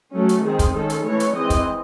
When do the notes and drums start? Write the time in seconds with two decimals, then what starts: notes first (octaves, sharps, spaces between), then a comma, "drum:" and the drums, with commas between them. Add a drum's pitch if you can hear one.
0.13 F#3 A3 C#4
0.29 drum: hi-hat
0.44 D#3 G#3 C4 G#4
0.59 drum: kick, hi-hat
0.74 D#3 G#3 C#4 A4
0.90 drum: hi-hat
1.05 E3 A3 C#4 C#5
1.20 drum: hi-hat
1.35 E3 G#3 C4 D#5
1.50 drum: kick, hi-hat